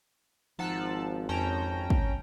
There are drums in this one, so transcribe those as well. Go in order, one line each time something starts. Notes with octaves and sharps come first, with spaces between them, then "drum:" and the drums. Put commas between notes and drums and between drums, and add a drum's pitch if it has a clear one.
G#1 F3 D#4 F#5 A5 E6 F#6
F2 C#4 G5 A5 A#5
drum: kick